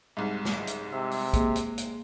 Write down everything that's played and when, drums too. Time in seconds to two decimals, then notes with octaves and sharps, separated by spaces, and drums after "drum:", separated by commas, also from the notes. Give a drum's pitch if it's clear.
0.17 C2 G#2
0.45 drum: snare
0.67 drum: hi-hat
0.93 C3 E6
1.11 drum: open hi-hat
1.33 G#3 A#3, drum: kick, hi-hat
1.56 drum: hi-hat
1.78 drum: hi-hat